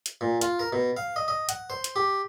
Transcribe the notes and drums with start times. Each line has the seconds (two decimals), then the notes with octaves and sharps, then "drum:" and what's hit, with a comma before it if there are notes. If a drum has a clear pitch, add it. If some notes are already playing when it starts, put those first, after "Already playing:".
0.06 drum: hi-hat
0.21 A#2
0.41 F4, drum: hi-hat
0.59 A#4
0.73 B2
0.97 F5
1.16 D#5
1.28 D#5
1.49 F#5, drum: hi-hat
1.70 C5
1.84 drum: hi-hat
1.96 G4